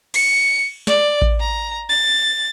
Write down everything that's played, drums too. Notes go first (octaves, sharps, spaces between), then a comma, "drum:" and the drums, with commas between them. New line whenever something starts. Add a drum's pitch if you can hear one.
C#7, drum: cymbal
D5, drum: snare
drum: kick A1
A#5
A6